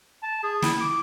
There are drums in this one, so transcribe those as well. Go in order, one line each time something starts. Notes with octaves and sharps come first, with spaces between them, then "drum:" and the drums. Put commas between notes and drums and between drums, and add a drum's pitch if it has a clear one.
A5
G#4
E4, drum: snare
D6